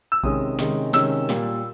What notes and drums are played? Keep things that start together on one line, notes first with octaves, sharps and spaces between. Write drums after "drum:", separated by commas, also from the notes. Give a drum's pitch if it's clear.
E6
C3 D#3 G#3 C#4 D#6, drum: kick A#1
C3 D#3 G#3 C#4, drum: snare
C3 D#3 G#3 C#4 E6, drum: snare
A#2 G3 A#3, drum: snare